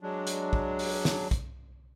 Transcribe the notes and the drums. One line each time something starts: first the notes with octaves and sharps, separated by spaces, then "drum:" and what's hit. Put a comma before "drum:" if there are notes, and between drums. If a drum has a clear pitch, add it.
F#3 G#3 D4
drum: hi-hat
drum: kick
drum: open hi-hat
drum: snare
drum: kick, hi-hat